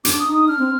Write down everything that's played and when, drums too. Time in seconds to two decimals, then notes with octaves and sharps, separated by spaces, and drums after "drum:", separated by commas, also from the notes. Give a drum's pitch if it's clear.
0.05 D4 D6, drum: hi-hat
0.19 D#6
0.26 D#4
0.33 D#6
0.48 D4 F6
0.59 C4